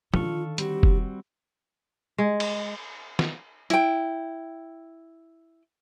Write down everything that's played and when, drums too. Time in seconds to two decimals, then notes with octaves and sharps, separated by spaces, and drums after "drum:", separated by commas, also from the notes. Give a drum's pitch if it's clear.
0.14 D3 D#3 F4 A4 F5 C#6, drum: tom
0.58 G3 C4 F#4 G4, drum: hi-hat
0.83 drum: kick F1
2.18 G#3
2.40 drum: cymbal
3.19 drum: snare
3.70 E4 G5, drum: hi-hat